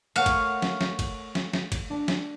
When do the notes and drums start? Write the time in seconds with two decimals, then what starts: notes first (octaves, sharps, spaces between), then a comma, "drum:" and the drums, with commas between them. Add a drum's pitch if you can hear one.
0.16 A3 A#4 C#5 F5 F#5 D#7
0.26 drum: kick, cymbal
0.62 drum: snare
0.81 drum: snare
0.99 drum: kick, cymbal
1.35 drum: snare
1.53 drum: snare
1.72 drum: kick, cymbal
1.90 D4
2.08 drum: snare